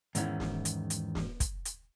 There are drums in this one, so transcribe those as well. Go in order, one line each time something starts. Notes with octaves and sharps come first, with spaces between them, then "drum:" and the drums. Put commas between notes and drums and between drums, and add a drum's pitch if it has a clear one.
E2 G#2 D#3 C#4 E4, drum: hi-hat
drum: snare
drum: hi-hat
drum: hi-hat
drum: snare
drum: kick, hi-hat
drum: hi-hat